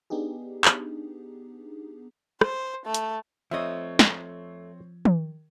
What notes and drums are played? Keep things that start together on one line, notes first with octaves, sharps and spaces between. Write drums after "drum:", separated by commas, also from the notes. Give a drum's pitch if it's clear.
B3 D4 D#4 G4 G#4
drum: clap
C5, drum: rim click
A3
drum: hi-hat
F2 F3 A3 C4 C#5 D#5 E5
drum: snare
drum: tom